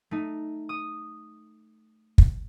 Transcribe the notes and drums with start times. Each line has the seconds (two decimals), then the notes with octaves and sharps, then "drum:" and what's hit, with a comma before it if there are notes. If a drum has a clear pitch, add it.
0.11 A3 D#4
0.69 D#6
2.18 drum: kick